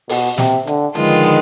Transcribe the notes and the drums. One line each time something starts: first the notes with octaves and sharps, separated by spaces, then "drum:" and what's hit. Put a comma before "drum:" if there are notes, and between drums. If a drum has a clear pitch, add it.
B2, drum: open hi-hat
C3, drum: snare
D3, drum: hi-hat
D3 D#3 F3 G#3 B3 F4, drum: hi-hat
drum: hi-hat